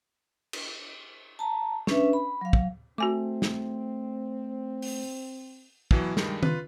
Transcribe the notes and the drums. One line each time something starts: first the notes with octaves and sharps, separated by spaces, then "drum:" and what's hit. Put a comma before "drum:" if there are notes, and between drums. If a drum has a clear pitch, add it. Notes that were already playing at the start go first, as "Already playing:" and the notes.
drum: cymbal
A5 A#5
C#4 D4 B4 E5, drum: snare
B5
F#3 F5
drum: kick
A3 C4 F#4 G#5 D6
drum: snare
drum: open hi-hat
B2 E3 F#3, drum: kick
G2 D#3 G3 G#3, drum: snare
F4 B4, drum: tom D#3